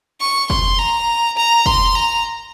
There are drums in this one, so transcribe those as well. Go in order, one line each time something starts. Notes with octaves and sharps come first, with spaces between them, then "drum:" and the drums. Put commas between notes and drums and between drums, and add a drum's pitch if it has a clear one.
C#6
C6, drum: kick
A#5
A#5
C6, drum: kick
A#5